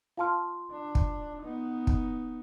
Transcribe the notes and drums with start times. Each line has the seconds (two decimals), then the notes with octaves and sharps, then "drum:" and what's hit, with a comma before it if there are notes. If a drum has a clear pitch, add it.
0.17 F4 F5 A5 C6 F6
0.72 D4
0.95 drum: kick
1.43 B3 D#4
1.87 drum: kick